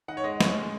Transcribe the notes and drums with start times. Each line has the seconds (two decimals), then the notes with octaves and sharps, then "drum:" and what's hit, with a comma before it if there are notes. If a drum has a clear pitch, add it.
0.08 D#4 F#5
0.17 C#5
0.24 G#3 D#5
0.41 C#4, drum: snare
0.56 G#3